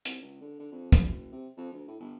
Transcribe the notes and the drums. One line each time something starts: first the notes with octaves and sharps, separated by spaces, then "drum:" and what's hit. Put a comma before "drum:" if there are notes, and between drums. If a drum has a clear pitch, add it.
C2, drum: hi-hat
C#2
D3
D3
F2
A#1, drum: kick, hi-hat
F#1
C3
F2
D2
A2
G1